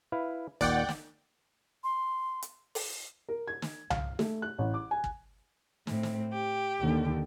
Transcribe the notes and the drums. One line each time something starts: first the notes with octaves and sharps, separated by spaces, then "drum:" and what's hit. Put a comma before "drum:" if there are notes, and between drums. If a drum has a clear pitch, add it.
E4 B4 F5
D#2 A#2 D#3 D5 F#5 G5, drum: kick
drum: snare
C6
drum: hi-hat
drum: open hi-hat
A#4
G#6
drum: snare
F5, drum: tom C2
A3, drum: snare
F#6
A1
D6
G#5
drum: kick
A2 C4, drum: snare
drum: snare
G4
D#2 D3